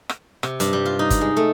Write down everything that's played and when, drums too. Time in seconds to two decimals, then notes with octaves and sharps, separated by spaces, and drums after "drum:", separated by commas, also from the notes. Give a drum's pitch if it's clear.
0.09 drum: rim click
0.43 C3, drum: rim click
0.60 G2, drum: hi-hat
0.73 G3
0.85 F4
0.99 D#4
1.10 drum: kick G1, hi-hat
1.21 G#3
1.37 A3